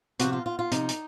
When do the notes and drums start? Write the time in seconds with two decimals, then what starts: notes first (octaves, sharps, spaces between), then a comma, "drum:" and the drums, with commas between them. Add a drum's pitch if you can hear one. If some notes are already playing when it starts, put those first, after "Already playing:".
0.19 C3 F3 F#4, drum: hi-hat
0.33 F4
0.46 F4
0.59 F4
0.71 C3 F3 D#4, drum: hi-hat
0.89 drum: hi-hat